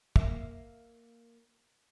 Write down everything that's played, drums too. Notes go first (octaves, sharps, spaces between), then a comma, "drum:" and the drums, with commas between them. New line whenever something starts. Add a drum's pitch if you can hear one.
A#3 E5, drum: kick